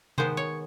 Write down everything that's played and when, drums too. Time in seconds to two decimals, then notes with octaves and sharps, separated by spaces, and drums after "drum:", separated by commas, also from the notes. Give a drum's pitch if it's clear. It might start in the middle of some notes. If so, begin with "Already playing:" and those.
0.18 D#3 G#3 B3 C5, drum: tom C3
0.37 C#5